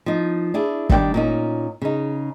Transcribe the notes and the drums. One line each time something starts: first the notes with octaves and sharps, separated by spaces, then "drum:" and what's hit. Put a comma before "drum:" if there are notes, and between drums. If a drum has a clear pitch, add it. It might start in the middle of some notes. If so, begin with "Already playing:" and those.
F3 D#4
D4 E4 G#4
D#3 G3 D4 F#5 G5, drum: kick
A#2 C#4 D#4
C#3 D#4